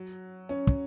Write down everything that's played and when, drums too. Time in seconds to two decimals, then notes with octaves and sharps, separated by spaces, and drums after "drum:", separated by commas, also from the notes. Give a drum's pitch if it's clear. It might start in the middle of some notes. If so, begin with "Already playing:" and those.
Already playing: F#3
0.49 C#4
0.67 drum: kick